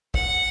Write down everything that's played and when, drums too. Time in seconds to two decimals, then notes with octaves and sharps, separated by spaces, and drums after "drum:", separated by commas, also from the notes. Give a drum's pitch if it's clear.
0.14 F#5, drum: kick